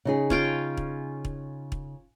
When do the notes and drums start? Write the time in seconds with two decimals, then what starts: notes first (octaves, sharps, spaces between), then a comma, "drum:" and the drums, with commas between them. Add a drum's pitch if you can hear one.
0.05 C#3 D#4 G#4
0.30 C#4 F4 G5, drum: kick
0.77 drum: kick
1.25 drum: kick
1.72 drum: kick